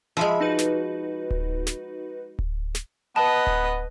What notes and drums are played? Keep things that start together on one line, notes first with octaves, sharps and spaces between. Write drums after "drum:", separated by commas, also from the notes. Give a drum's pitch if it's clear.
F3 G#3 E5 B5 E6
D#4 F#4 B4
drum: snare
drum: kick D1
drum: snare
drum: kick D1
drum: snare
B3 B4 D#5 A5
drum: kick D1